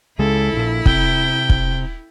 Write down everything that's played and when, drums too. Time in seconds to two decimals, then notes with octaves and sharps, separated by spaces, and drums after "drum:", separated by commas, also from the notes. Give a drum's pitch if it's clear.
0.19 C#2 C#3 G#3 E4 A4
0.53 A#1 A#2
0.86 C3 G5, drum: kick
1.49 drum: kick